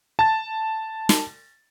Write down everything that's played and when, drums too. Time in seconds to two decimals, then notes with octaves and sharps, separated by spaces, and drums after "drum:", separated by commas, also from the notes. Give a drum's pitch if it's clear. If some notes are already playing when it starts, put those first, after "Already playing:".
0.19 A5 A6
1.09 drum: snare